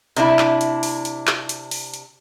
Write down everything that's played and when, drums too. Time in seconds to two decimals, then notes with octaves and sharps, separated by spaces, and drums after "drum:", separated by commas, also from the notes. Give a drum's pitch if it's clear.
0.17 C3 D4 E4, drum: hi-hat
0.39 drum: clap
0.61 drum: hi-hat
0.83 drum: open hi-hat
1.05 drum: hi-hat
1.27 drum: clap
1.49 drum: hi-hat
1.71 drum: open hi-hat
1.94 drum: hi-hat